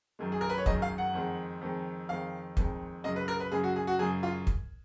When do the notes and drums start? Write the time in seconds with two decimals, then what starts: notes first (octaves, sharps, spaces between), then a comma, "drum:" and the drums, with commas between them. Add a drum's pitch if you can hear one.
0.19 F#2 D#3 G#3
0.32 G#4
0.41 A#4
0.49 B4
0.58 C#5
0.66 F#2 D#3 G#3 D#5, drum: kick
0.82 F5
0.98 F#5
1.14 F2 D#3 G#3
1.61 F2 D#3 G#3
2.09 F2 D#3 G#3 F5
2.57 F2 D#3 G#3, drum: kick
3.04 F#2 C#3 G#3 D#5
3.16 B4
3.28 A#4
3.40 B4
3.52 F#2 C#3 G#3 G#4
3.64 F#4
3.76 G#4
3.87 F#4
3.99 F#2 C#3 G#3 G#4
4.23 F4
4.47 drum: kick